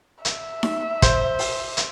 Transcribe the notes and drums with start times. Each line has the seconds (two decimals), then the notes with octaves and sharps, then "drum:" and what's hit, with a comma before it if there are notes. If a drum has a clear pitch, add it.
0.25 E5, drum: hi-hat
0.63 drum: snare D#4
1.02 C5, drum: kick, hi-hat
1.39 drum: open hi-hat
1.77 drum: hi-hat